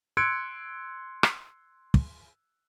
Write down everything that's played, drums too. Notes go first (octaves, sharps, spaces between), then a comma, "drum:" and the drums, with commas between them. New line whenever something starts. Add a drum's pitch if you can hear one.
C6 E6 F#6 G#6 C#7 D7
drum: rim click
drum: kick